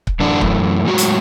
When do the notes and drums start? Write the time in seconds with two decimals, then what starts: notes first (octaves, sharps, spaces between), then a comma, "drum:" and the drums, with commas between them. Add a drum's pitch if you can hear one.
0.07 drum: kick C#1
0.20 F#2 D3 E3 A3 D4
0.41 drum: kick C#1
0.88 A2 F#3 G#3 F#4
0.98 drum: hi-hat